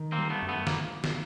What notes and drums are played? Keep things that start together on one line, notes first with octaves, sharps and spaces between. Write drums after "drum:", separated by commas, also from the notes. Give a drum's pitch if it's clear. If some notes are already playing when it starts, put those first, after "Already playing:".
Already playing: D#3
A#3 C4
G3
A3 B3
F#2
A3 B3
A#3, drum: snare
drum: snare